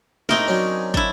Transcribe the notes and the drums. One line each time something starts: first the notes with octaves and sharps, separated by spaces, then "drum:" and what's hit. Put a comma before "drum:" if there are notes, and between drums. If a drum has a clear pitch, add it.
A3 C4 D#4 E4 G4 A#4, drum: snare
D3 F#3 C#4
D4 E4, drum: kick